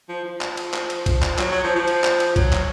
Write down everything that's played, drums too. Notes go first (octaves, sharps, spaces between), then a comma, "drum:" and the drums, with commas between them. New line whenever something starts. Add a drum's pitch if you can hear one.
F3
F3
drum: clap
drum: cymbal
drum: clap
drum: cymbal
drum: kick C2, cymbal
drum: clap
F#3, drum: clap
F#3
F3
F3
drum: cymbal
drum: clap
drum: cymbal
F#3, drum: kick C2, cymbal
drum: clap